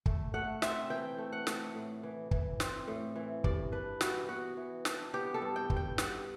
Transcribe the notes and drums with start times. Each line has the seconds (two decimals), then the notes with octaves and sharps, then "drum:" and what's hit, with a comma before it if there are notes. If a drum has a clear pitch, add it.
0.06 A3, drum: kick
0.34 A3 F#5
0.62 C4 E5, drum: snare
0.90 E3 G5
1.18 A3
1.33 F#5
1.47 A3, drum: snare
1.75 A2
2.03 E3
2.31 E3, drum: kick
2.60 C4, drum: snare
2.88 A2
3.16 E3
3.44 G2 D5, drum: kick
3.72 D4 B4
4.01 E3 F#4, drum: snare
4.28 B3 F#4
4.57 E3
4.85 D4, drum: snare
5.14 B3 G4
5.34 A4
5.42 G2
5.56 G5
5.70 G2, drum: kick
5.77 G5
5.98 G2 F#5, drum: snare